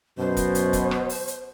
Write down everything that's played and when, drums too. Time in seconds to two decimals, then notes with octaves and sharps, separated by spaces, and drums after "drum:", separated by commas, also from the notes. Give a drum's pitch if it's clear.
0.18 F#2 B2 C5
0.37 drum: kick, hi-hat
0.55 drum: hi-hat
0.73 drum: kick, hi-hat
0.91 drum: rim click
1.09 drum: open hi-hat
1.28 drum: hi-hat